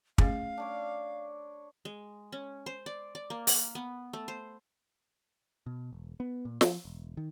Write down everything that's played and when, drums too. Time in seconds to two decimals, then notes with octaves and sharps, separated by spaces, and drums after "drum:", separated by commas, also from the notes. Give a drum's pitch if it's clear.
0.18 A3 C#4 G#4 F5, drum: kick
0.58 D4 C#5 D6
1.85 G#3
2.32 C#4
2.66 C5
2.86 D5
3.15 D5
3.30 A#3
3.47 A#5, drum: open hi-hat
3.75 B3
4.13 A3
4.28 C5
5.66 B2
5.93 E1
6.20 B3
6.45 A#2
6.61 F3, drum: snare
6.85 E1
7.17 D#3